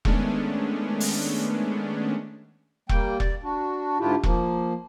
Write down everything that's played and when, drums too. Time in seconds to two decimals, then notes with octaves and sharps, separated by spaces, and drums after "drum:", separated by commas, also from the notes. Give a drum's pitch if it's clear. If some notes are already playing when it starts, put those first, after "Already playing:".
0.05 D#3 G#3 A3 B3 C#4 D4, drum: kick E1
1.00 drum: open hi-hat
2.89 G3 A#3 G5, drum: kick E1
3.20 D5, drum: kick E1
3.43 D4 F#4
3.99 G#2 D3 D4 E4 F4 G4
4.23 F3 A#3, drum: kick E1